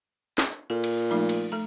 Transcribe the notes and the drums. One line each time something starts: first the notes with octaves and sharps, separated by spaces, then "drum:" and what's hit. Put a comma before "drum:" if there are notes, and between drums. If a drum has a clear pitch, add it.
drum: snare
A#2 A4
drum: cymbal
F3 A3 D#4
drum: cymbal
A3 A4 A#5